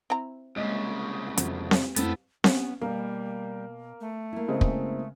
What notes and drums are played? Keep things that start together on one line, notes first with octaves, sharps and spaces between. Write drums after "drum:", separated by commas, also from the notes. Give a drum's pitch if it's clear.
C4 E4 A#5
C2 C#3 G#3 A#3 D#5
F2 F#3, drum: hi-hat
drum: snare C4
F2 A3 B3 C4 E4 A4, drum: hi-hat
B3 C#4 C#5, drum: snare C4
B2 G3 A#3
A3
A#3 E4
C#3 G#3 C4
drum: kick